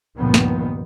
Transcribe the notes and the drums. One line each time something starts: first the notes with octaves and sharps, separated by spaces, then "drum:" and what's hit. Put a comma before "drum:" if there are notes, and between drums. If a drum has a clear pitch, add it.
C#2 G2 A#2 D#3 F3 B3
drum: snare